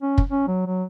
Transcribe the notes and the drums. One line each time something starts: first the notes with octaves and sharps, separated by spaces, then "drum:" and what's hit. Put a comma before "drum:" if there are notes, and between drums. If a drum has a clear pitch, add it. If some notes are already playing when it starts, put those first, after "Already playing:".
C#4
drum: kick
C#4
F#3
F#3